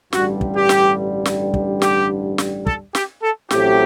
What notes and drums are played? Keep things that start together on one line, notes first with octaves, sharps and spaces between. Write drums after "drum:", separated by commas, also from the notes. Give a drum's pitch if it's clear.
A1 G2 D3 G3 F#4, drum: snare
drum: kick
G4
drum: snare
drum: snare
drum: kick
G4, drum: snare
drum: snare
A4, drum: kick
G4, drum: snare
A4
A1 A2 F#3 A3 C4 G4, drum: snare